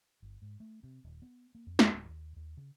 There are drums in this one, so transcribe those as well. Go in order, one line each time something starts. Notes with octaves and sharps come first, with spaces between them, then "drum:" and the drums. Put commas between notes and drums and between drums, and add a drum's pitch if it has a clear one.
G1
G#2
A3
C3
D#1
B3
A#3
F2
drum: snare
D1
D#2
D#2
C#3